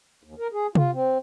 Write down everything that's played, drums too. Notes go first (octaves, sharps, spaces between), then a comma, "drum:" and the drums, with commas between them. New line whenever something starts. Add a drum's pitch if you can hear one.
D#2
A#4
G#4
F4, drum: tom C3
C4